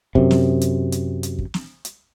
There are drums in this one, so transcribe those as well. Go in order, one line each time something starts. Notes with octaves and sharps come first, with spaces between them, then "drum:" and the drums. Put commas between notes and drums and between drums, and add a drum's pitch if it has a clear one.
F#2 C3, drum: kick
drum: snare
drum: hi-hat
drum: hi-hat
drum: hi-hat
drum: kick
drum: snare
drum: hi-hat